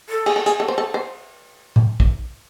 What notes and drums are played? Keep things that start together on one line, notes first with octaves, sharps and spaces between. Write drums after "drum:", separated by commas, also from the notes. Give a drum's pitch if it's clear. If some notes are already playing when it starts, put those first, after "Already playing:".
A4
G#4, drum: cymbal
A4
G#4, drum: hi-hat
A4
C5
A4
C5
drum: tom
drum: kick